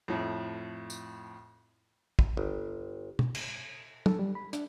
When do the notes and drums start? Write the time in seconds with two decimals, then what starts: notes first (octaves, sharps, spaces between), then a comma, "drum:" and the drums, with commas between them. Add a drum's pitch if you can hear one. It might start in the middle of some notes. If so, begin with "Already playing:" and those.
0.08 F2 A2
0.90 drum: tambourine
2.19 drum: kick
2.37 G1
3.19 drum: tom
3.35 drum: cymbal
4.06 A4, drum: tom
4.19 G3
4.35 B5
4.53 D4, drum: hi-hat